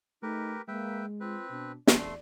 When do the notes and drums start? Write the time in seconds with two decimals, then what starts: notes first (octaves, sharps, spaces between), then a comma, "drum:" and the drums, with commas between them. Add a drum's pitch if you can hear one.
0.23 A3 D#4 G4 A#4 B4
0.68 G#3 A#3 B4 E5 G5
1.20 C4 F4 B4
1.50 B2 D4
1.87 E2 A3 D5 C6, drum: snare